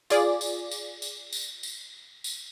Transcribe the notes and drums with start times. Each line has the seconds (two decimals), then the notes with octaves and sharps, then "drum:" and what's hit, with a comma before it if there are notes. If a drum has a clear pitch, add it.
0.10 F4 G#4 D5, drum: tambourine
0.41 drum: tambourine
0.71 drum: tambourine
1.02 drum: tambourine
1.33 drum: tambourine
1.63 drum: tambourine
2.24 drum: tambourine